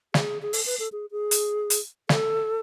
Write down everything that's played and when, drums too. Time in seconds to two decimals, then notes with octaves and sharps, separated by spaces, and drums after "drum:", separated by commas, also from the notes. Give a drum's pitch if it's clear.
0.14 G#4, drum: snare
0.42 G#4
0.53 A4, drum: open hi-hat
0.66 B4
0.79 A4
0.92 G#4
1.11 G#4
1.31 drum: hi-hat
1.70 drum: hi-hat
2.09 A4, drum: snare